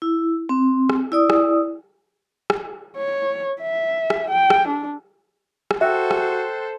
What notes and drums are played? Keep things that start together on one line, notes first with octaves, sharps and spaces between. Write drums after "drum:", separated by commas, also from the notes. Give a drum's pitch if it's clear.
E4
C4
drum: rim click
E4 D5 D#6
drum: rim click
drum: rim click
C#5
E5
drum: rim click
G5
drum: rim click
D4
drum: rim click
F#4 A4 C5 E5 G5 E6 F#6
drum: rim click